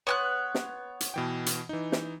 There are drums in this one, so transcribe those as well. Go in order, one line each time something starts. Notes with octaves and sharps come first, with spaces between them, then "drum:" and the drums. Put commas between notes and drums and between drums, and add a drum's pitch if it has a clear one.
B3 C#5 G#5 C6 F#6
drum: snare
drum: hi-hat
B2 E3 G5
drum: hi-hat
E3 D#4
drum: snare